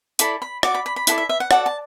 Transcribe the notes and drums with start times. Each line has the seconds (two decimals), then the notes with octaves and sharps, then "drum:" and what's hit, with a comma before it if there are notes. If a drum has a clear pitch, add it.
0.19 E4 A4 D5 B5, drum: hi-hat
0.42 B5
0.63 F#4 D5 D6, drum: rim click
0.74 B5
0.86 B5
0.96 B5
1.07 E4 A4 D5 F#5, drum: hi-hat
1.18 E5
1.29 E5
1.40 F#5
1.51 F#4 A4 D5 F#5, drum: rim click
1.66 A5